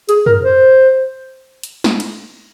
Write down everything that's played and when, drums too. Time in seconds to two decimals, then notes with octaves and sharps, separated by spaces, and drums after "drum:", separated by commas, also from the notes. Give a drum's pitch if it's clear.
0.09 G#4, drum: hi-hat
0.26 A#4, drum: tom F#2
0.43 C5
1.63 drum: hi-hat
1.84 drum: snare
2.00 drum: cymbal